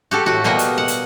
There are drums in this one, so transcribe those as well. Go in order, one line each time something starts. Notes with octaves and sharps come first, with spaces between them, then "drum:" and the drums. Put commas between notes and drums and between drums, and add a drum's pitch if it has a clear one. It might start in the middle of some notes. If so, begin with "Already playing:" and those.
F#4 G4 A4
A2 F#4
B2 G3 A#3 F#4 D#5
drum: hi-hat
F#5
drum: hi-hat